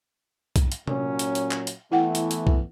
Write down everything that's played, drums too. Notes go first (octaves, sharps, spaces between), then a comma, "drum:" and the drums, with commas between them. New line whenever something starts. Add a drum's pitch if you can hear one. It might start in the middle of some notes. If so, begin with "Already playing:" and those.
drum: kick, hi-hat
drum: hi-hat
A#2 F#3 C#4, drum: tom C3
drum: hi-hat
drum: hi-hat
drum: clap
drum: hi-hat
E3 A3 B3 E4 F#5 G5
drum: hi-hat
drum: hi-hat
drum: kick